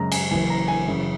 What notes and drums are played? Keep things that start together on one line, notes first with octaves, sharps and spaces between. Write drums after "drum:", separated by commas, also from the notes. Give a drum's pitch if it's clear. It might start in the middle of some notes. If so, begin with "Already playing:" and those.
Already playing: F#2 C#3 G#3 A#5
G#5, drum: cymbal
F#1 F#2 E3 G#5
A#5
G#5
F#2 C#3 E3